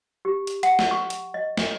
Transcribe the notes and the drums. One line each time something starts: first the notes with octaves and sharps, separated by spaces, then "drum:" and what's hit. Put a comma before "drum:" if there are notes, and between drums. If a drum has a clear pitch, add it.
G4
drum: hi-hat
F#5, drum: hi-hat
drum: snare
C#6
drum: hi-hat
D#5
drum: snare